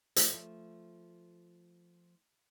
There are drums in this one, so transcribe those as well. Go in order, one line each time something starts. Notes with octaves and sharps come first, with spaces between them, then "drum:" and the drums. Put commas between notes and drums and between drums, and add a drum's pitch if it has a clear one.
F3 A3, drum: hi-hat